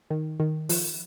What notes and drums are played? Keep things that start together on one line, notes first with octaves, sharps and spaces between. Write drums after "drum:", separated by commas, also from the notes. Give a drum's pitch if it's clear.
D#3
D#3
F3, drum: open hi-hat